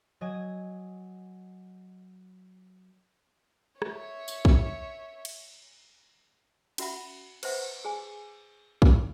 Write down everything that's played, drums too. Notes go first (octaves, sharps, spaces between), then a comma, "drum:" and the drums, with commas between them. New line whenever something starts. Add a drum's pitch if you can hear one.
F#3 D#5 G#5 D#7
C#5 E5, drum: rim click
drum: tambourine
drum: kick A#1
drum: cymbal
C#4 F#4 E5 F#5 B5, drum: cymbal
B4 C5 E5 F#5, drum: cymbal
G#4 G#5
drum: kick A#1